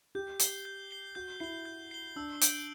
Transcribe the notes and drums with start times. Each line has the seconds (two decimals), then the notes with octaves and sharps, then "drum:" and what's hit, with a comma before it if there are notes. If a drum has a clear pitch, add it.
0.15 G4 G6
0.39 C7 G7, drum: hi-hat
0.65 G6
0.91 C7 G7
1.15 F#4 G6
1.40 E4 C7 G7
1.65 G6
1.91 C7 G7
2.16 D4 E6
2.41 G6 D7 F#7, drum: hi-hat